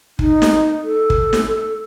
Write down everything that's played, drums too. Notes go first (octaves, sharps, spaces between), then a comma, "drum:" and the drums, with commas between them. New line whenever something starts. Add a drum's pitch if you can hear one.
D#4, drum: kick
drum: snare
A4
drum: kick
drum: snare